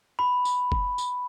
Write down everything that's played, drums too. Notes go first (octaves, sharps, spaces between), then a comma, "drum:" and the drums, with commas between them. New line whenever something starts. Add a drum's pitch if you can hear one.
B5
drum: tambourine
drum: kick F#1
drum: tambourine